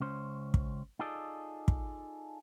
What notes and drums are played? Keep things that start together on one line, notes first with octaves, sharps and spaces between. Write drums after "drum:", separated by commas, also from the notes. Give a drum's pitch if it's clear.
C#2 C#4 C5
drum: kick
D#4 F4 G#4 A4 D5 D#5
drum: kick